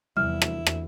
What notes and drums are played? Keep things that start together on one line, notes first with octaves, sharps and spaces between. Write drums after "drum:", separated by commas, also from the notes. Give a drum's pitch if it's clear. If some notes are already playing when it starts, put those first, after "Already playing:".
E2 C3 F3 G3 E4 F6
drum: rim click
drum: rim click